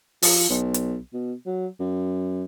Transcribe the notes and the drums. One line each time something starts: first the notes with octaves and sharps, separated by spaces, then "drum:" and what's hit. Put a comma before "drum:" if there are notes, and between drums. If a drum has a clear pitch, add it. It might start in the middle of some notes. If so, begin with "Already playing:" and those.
F3, drum: open hi-hat
B1
drum: hi-hat
B2
F#3
F#2